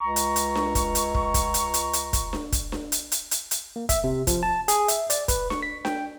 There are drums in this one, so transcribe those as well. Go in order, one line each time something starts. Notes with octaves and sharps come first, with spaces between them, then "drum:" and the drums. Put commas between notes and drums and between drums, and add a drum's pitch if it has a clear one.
C#2 A#5 C#6
drum: hi-hat
drum: hi-hat
drum: snare D4
drum: kick, hi-hat
drum: hi-hat
drum: kick
drum: kick, hi-hat
drum: hi-hat
drum: hi-hat
drum: hi-hat
drum: kick, hi-hat
drum: snare D4
drum: kick, hi-hat
drum: snare D4
drum: hi-hat
drum: hi-hat
drum: hi-hat
drum: hi-hat
A#3
E5, drum: kick, hi-hat
C3
F3, drum: kick, hi-hat
A5
G#4, drum: hi-hat
E5, drum: hi-hat
D5, drum: hi-hat
B4, drum: kick, hi-hat
C#6, drum: snare D4
B6
G5, drum: snare D4